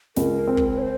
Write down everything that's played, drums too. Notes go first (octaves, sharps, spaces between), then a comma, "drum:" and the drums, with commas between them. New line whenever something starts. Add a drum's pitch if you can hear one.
C#2 A#4, drum: snare
C4
drum: kick
C#5
C5